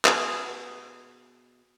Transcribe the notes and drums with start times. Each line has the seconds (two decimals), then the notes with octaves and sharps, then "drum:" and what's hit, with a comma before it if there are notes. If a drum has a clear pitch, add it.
0.05 B2 F3 G#4, drum: clap